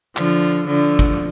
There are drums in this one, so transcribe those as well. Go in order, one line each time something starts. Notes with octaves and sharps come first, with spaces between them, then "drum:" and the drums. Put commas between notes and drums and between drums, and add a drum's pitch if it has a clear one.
D3 F3, drum: clap
D3 F3
drum: kick